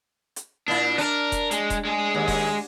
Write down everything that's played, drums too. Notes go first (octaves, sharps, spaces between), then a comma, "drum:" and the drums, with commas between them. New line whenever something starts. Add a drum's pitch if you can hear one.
drum: hi-hat
A#2 D4 E4
D4 A#4 B4
drum: kick E1, hi-hat
G#3, drum: hi-hat
drum: kick E1, hi-hat
G#3 G#4
D#2
drum: kick E1, open hi-hat